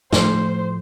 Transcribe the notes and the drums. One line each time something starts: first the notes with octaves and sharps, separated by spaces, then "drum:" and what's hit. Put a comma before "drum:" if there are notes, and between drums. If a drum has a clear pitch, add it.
A2 F3 A3 C5, drum: snare